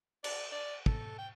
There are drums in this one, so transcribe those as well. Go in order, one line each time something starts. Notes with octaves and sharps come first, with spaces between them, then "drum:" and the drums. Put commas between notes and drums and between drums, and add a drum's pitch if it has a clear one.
D5, drum: cymbal
D5
A4, drum: kick
G5